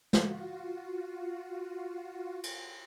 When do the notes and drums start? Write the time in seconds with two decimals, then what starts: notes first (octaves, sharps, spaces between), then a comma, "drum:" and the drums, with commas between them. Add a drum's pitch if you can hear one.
0.13 F4 F#4, drum: snare
2.44 drum: cymbal